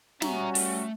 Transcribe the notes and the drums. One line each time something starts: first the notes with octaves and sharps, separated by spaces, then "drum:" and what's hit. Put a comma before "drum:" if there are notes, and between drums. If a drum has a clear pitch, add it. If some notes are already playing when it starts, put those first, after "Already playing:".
G3 C#4 F#4 E5 A#5, drum: snare
A3, drum: open hi-hat